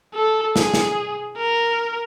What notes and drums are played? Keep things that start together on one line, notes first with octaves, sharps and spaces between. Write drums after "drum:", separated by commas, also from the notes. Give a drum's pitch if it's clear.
A4
G#4, drum: snare
drum: snare
A#4